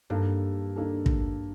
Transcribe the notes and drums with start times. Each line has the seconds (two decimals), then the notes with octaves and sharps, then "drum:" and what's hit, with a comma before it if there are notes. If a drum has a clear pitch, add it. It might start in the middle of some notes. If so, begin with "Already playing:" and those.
0.10 G2 D#3 A#3 D4 A4
0.76 D#3 A#3 D4 A4
1.06 drum: kick